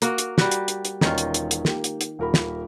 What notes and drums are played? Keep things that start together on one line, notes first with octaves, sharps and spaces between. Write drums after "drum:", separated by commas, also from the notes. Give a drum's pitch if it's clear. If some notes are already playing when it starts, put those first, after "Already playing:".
A#3 F#4, drum: hi-hat
drum: hi-hat
G3 F#4, drum: snare
drum: hi-hat
drum: hi-hat
drum: hi-hat
E1 D#3 C#4 F4, drum: snare
drum: hi-hat
drum: hi-hat
drum: hi-hat
A#3 G4, drum: snare
drum: hi-hat
drum: hi-hat
D#1 A#4 B5
drum: snare